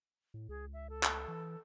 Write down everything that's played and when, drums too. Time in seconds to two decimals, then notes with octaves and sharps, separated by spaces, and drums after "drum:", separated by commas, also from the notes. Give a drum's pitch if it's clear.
0.34 A2
0.49 C#2 G#4
0.73 E5
0.89 A4
1.03 drum: clap
1.28 E3